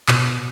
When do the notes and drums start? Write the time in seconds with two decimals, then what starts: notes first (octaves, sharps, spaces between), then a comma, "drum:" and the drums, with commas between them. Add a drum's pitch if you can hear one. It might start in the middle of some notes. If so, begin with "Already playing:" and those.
0.08 B2, drum: clap